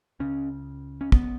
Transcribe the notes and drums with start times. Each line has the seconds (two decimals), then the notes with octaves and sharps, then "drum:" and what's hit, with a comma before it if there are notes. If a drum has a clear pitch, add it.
0.20 C#2 C#3 C#4
1.01 C#4
1.12 B3, drum: kick